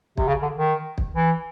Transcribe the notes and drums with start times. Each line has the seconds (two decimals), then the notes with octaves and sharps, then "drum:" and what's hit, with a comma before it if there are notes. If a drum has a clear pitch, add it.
0.17 C3, drum: kick
0.28 C#3
0.42 D3
0.56 D#3
0.98 drum: kick
1.14 E3